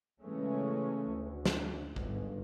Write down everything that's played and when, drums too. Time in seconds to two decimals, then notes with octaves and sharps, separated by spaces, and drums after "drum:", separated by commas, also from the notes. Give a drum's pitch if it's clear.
0.22 C#3 E3 G#3 A3 C#4
1.08 D2
1.45 drum: snare
1.96 G1 G#2, drum: kick